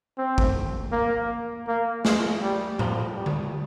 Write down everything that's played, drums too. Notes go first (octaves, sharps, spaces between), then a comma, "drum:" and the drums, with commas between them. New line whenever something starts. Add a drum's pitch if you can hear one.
C4
drum: kick
A#3
A#3
G#3, drum: snare
G3
F3, drum: tom A2
G3
drum: tom D3